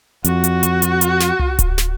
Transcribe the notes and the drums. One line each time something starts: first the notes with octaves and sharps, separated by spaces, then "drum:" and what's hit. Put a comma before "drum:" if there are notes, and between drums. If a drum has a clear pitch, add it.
F2 F#4, drum: hi-hat
drum: hi-hat
drum: hi-hat
drum: hi-hat
drum: hi-hat
drum: snare
drum: tom C2
drum: kick D1, hi-hat
drum: snare